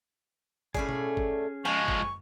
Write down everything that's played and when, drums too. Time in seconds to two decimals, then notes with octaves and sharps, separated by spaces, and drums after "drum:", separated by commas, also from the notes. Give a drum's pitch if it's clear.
0.74 A2 A3 C#4 G#4 D5, drum: kick G1
0.89 drum: tom B2
1.17 drum: kick G1
1.65 F3 G#3 G#5 C#6
1.88 drum: kick G1
2.02 drum: tom